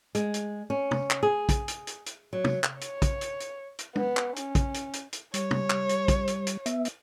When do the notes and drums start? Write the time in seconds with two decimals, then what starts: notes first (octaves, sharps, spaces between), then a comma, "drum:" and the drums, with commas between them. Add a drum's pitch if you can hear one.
0.15 G#3, drum: hi-hat
0.34 drum: hi-hat
0.70 C#4
0.91 drum: tom
1.10 drum: clap
1.23 G#4
1.49 drum: kick, hi-hat
1.68 drum: hi-hat
1.87 drum: hi-hat
2.06 drum: hi-hat
2.33 F#3
2.44 drum: tom
2.64 drum: clap
2.81 C#5, drum: hi-hat
3.02 drum: kick, hi-hat
3.21 drum: hi-hat
3.40 drum: hi-hat
3.79 drum: hi-hat
3.96 B3, drum: tom
4.17 drum: clap
4.36 C#4, drum: hi-hat
4.55 drum: kick, hi-hat
4.74 drum: hi-hat
4.93 drum: hi-hat
5.13 drum: hi-hat
5.34 G3 C#5, drum: hi-hat
5.51 drum: tom
5.70 drum: clap
5.89 drum: hi-hat
6.08 drum: kick, hi-hat
6.27 drum: hi-hat
6.47 drum: hi-hat
6.66 B3 E5, drum: hi-hat
6.85 drum: hi-hat